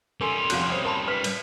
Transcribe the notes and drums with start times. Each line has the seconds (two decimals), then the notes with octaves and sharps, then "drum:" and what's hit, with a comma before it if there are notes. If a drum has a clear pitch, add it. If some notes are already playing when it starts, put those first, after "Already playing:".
0.21 G3 C#4 A4 A#4 G#5 C6
0.50 F1 D#4 F#4 F5 F#6, drum: cymbal
0.70 C5 C#5 D#6 C7
0.85 A#4 A5 B5 C6
1.08 B4 F6 B6
1.24 drum: cymbal